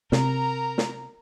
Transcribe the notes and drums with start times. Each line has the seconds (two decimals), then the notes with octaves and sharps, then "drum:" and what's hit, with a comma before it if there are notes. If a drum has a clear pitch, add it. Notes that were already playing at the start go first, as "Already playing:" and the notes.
0.12 C3 A#4 A#5, drum: snare
0.78 drum: snare